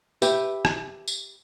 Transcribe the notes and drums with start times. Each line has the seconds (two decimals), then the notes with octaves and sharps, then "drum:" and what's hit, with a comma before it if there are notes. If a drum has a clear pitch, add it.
0.22 G4 B4 E5, drum: tambourine
0.65 drum: rim click
1.08 drum: tambourine